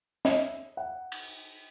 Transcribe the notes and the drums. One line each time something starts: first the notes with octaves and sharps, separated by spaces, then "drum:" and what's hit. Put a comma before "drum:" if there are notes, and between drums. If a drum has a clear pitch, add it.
D#5, drum: snare
E5
F#5
drum: cymbal